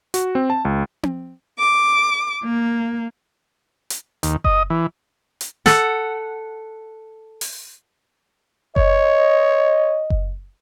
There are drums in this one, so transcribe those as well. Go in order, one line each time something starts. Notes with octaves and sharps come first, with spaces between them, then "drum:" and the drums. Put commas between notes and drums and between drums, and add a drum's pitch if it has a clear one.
F#4, drum: hi-hat
C4
A5
C#2
drum: tom C4
D6
A#3
drum: hi-hat
D#2, drum: hi-hat
D#5, drum: kick F#1
E3
drum: hi-hat
A4 F#5, drum: snare
drum: open hi-hat
C#5 D#5, drum: kick F#1
drum: kick F#1